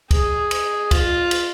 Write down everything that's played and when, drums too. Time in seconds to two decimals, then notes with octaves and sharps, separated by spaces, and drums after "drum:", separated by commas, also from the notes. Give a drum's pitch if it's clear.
0.11 G#4, drum: kick, cymbal
0.51 drum: cymbal
0.91 F4, drum: kick, cymbal
1.31 drum: cymbal